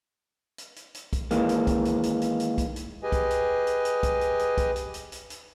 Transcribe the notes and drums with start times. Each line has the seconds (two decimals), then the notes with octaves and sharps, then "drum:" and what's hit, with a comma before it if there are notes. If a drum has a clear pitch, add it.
0.58 drum: hi-hat
0.76 drum: hi-hat
0.95 drum: hi-hat
1.13 drum: kick, hi-hat
1.31 D#3 E3 G#3 A#3, drum: hi-hat
1.49 drum: hi-hat
1.67 drum: kick, hi-hat
1.85 drum: hi-hat
2.03 drum: hi-hat
2.22 drum: hi-hat
2.40 drum: hi-hat
2.58 drum: kick, hi-hat
2.76 drum: hi-hat
3.03 G4 G#4 B4 D#5 G#5
3.12 drum: kick, hi-hat
3.30 drum: hi-hat
3.67 drum: hi-hat
3.85 drum: hi-hat
4.03 drum: kick, hi-hat
4.21 drum: hi-hat
4.39 drum: hi-hat
4.58 drum: kick, hi-hat
4.76 drum: hi-hat
4.94 drum: hi-hat
5.12 drum: hi-hat
5.30 drum: hi-hat